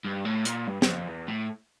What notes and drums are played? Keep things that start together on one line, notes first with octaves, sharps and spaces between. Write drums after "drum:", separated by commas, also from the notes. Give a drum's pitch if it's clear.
G2
A2
A#2, drum: hi-hat
G2
G2, drum: snare
F2
E2
A2